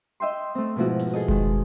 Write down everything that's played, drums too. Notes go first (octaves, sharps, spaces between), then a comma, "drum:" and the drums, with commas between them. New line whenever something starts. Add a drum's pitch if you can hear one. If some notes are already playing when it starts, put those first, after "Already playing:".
D#5 E5 G5 C6
A3 C4
G#2 B2 F3 E4 F#4
drum: open hi-hat
G#4 A4 D#5
D#3 G#3, drum: kick F1